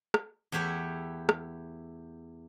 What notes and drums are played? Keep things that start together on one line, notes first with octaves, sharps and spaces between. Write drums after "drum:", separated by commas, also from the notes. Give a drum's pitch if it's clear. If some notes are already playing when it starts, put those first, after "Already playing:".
drum: rim click
E2 A3 E4 G4 C#5
drum: rim click